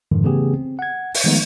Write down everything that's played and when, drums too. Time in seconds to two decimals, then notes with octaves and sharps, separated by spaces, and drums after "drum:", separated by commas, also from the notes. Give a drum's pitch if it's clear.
0.11 F2 G#2 D3 D#3 F3
0.24 C#3 E3 A3 B3 G4 G#4
0.54 C4
0.79 F#5 G#6
1.14 drum: open hi-hat
1.24 D#3 F3 G#3 A3 B3 D#4